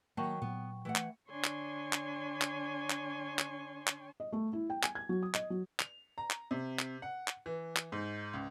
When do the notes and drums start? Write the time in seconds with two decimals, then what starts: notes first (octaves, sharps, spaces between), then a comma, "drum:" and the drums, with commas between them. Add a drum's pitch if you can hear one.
0.17 D#3 F#3 A#3 G5 A5 C#6
0.42 A#2 F#3 B3
0.85 E3 A3 F#5
0.96 drum: clap
1.29 D3 D4 C#5 G#5 C6 C#6
1.44 drum: clap
1.93 drum: clap
2.42 drum: clap
2.90 drum: clap
3.39 drum: clap
3.88 drum: clap
4.20 D#5
4.33 A3
4.53 E4
4.70 G5
4.83 G#5, drum: clap
4.95 G#6
5.09 F#3
5.23 D#6
5.35 D#5, drum: clap
5.50 F#3
5.80 F7, drum: clap
6.18 A#5
6.31 drum: clap
6.51 C3
6.79 drum: clap
7.02 F#5
7.28 drum: clap
7.46 E3
7.77 drum: clap
7.92 G#2
8.33 C#2